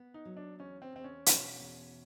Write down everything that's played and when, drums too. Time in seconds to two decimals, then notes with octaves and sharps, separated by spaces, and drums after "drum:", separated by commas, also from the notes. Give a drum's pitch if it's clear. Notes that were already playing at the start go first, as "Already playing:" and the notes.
Already playing: B3
0.14 D#4
0.25 F#3
0.37 D4
0.59 E2 C#4
0.82 C4
0.93 E2 C4
1.04 C#4
1.26 B2, drum: hi-hat
1.60 E2